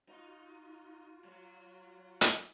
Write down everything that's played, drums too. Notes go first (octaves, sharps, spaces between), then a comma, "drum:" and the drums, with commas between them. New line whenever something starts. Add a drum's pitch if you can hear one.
D#4 F4 F#4
F#3 C#5
drum: hi-hat